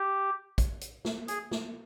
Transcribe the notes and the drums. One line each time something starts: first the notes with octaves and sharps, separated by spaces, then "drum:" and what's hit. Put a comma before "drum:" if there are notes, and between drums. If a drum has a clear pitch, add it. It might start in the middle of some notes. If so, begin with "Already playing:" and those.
Already playing: G4
drum: kick A#1, hi-hat
drum: hi-hat
drum: snare
G#4, drum: hi-hat
drum: snare